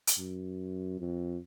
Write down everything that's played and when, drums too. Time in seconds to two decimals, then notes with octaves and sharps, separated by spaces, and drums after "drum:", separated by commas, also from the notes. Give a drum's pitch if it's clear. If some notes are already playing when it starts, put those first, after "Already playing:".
0.07 drum: hi-hat
0.19 F#2
0.99 F2